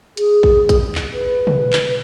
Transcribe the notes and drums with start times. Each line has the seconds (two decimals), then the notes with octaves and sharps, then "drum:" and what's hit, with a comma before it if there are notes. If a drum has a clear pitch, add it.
0.17 G#4, drum: hi-hat
0.43 drum: kick A#1
0.69 drum: kick A#1, hi-hat
0.95 drum: clap
1.13 B4
1.47 drum: tom
1.73 drum: clap